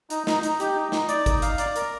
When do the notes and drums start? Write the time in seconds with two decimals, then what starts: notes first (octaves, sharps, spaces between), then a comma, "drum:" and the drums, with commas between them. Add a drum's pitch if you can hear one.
0.10 D#4, drum: hi-hat
0.27 D#4, drum: snare
0.43 D#4, drum: hi-hat
0.60 G4, drum: hi-hat
0.76 D#4
0.92 D#4, drum: snare
1.09 D5, drum: hi-hat
1.26 D#4, drum: kick G1, hi-hat
1.42 F5, drum: hi-hat
1.58 D5, drum: hi-hat
1.76 A#4, drum: hi-hat